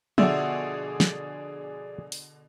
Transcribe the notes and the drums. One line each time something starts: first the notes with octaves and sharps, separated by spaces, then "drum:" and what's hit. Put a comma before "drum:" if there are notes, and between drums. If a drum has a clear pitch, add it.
B2 D3 F3 F#4 G#4 D5 E5, drum: tom F3
drum: snare
drum: open hi-hat